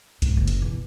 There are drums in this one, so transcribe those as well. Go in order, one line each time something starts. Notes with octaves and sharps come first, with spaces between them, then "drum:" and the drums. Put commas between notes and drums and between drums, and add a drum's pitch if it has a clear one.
G#2, drum: kick B1, hi-hat
F#1
drum: hi-hat
B2 E3